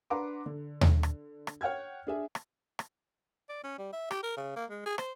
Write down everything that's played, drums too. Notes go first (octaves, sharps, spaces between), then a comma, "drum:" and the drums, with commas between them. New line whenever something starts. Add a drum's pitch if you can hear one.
D4 B4 F#5 A#5 C6 D6
D3
drum: tom D#2
drum: rim click
drum: rim click
C#5 F#5 G5 F6 G#6
D4 G#4 E5
drum: rim click
drum: rim click
D5
C#4
G3
E5
G4, drum: rim click
A#4
C#3
A#3
G#3
G#4
C5, drum: rim click